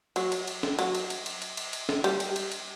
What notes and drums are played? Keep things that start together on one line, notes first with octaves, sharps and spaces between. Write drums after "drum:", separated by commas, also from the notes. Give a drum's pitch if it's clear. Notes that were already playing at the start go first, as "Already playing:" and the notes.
F#3, drum: cymbal
drum: cymbal
drum: cymbal
drum: snare
F#3, drum: cymbal
drum: cymbal
drum: cymbal
drum: cymbal
drum: cymbal
drum: cymbal
drum: cymbal
drum: snare
G3, drum: cymbal
drum: cymbal
drum: cymbal
drum: cymbal